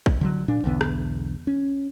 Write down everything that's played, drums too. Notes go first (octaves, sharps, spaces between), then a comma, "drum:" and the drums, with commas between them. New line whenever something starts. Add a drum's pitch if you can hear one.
drum: kick
D3 D#3 F#3
A#2 D4
B1 E2 D3 B3
drum: rim click
C#4